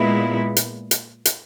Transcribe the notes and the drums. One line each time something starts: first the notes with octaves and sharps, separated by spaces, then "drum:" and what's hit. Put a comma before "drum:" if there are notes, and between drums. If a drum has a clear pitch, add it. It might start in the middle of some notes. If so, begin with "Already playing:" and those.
Already playing: A#2 G#3 B3 E4
drum: hi-hat
drum: hi-hat
drum: hi-hat